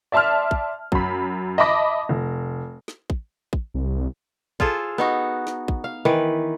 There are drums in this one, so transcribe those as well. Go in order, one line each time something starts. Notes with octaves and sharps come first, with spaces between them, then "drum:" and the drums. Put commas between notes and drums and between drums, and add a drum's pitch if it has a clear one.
D5 E5 A5 C6 F6
drum: kick
F#2 B5, drum: kick
D#5 E5 A5 B5 D6 A#6
F1
drum: snare
drum: kick
drum: kick
C2
F4 G#4 A4 C5, drum: kick
B3 D#4 F#4
drum: snare
drum: kick
F5
D#3 E3 B4